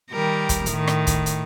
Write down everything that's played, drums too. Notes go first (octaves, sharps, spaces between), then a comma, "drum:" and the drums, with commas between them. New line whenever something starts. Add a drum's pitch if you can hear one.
D#3 G3 A#4
drum: kick, hi-hat
A2 D#3, drum: hi-hat
drum: rim click
drum: kick, hi-hat
drum: hi-hat